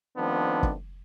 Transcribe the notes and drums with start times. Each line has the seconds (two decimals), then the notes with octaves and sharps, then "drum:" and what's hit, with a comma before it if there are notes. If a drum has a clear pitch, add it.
0.17 D#3 F3 A3 B3 C4 D4
0.63 drum: kick